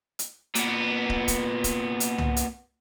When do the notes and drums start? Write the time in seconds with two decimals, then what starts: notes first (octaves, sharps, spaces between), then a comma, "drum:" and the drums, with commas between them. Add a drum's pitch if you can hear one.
0.19 drum: hi-hat
0.55 A#2 B3, drum: hi-hat
1.10 drum: kick
1.28 drum: kick, hi-hat
1.64 drum: kick, hi-hat
2.00 drum: hi-hat
2.18 drum: tom
2.37 drum: hi-hat